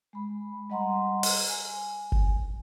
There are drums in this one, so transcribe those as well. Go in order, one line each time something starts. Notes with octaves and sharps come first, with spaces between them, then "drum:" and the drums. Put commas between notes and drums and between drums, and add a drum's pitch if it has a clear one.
G#3 B5
G3 D#5 F#5 A#5 C6
drum: open hi-hat
G#5
drum: kick F#1